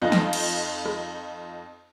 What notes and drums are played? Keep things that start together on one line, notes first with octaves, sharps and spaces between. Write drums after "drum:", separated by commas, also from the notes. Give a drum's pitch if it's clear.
F2 D#4 F4 F#6
drum: snare
drum: cymbal
drum: rim click